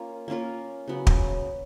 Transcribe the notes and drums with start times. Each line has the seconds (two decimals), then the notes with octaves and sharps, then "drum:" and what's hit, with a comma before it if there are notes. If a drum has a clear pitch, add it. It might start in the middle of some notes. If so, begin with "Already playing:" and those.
Already playing: A#3 C#4 F4 A#4
0.28 A#3 C#4 F4 A#4
0.88 C#3 F#3 B3
1.07 drum: kick